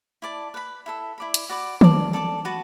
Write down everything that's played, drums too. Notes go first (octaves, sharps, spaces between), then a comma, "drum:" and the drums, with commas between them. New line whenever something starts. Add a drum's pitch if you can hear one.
E4 D5 A5
B4 F#5 B5
E4 A4 E5
E4 D5 B5
drum: hi-hat
F#4 D5 B5 D6
D5 A5 D6, drum: tom D#3
A4 D5 A5 D6
F#4 B4 F#5 A5